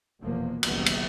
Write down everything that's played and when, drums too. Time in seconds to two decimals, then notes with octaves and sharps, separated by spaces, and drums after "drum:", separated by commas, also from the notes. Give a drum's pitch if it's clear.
0.21 F1 E2 B2 F3 A#3
0.63 F#1 B1 D#3 E3 G3 B3, drum: cymbal
0.86 drum: cymbal